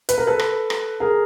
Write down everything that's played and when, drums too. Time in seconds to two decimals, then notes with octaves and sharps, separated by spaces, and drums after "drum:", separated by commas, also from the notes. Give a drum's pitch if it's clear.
0.09 B4, drum: hi-hat
0.18 A#4
0.27 A4 B4
0.39 drum: rim click
0.70 drum: rim click
1.00 G#4 A#4